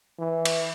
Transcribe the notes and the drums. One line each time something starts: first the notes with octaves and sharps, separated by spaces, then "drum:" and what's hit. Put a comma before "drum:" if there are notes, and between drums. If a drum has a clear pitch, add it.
E3
drum: cymbal